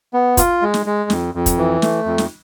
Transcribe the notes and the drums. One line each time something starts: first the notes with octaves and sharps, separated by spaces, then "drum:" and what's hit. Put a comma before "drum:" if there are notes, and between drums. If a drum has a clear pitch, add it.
B3
F4, drum: kick, hi-hat
G#3
drum: snare
G#3
F2, drum: snare
F2
drum: kick, hi-hat
E3
A3, drum: snare
F2
drum: snare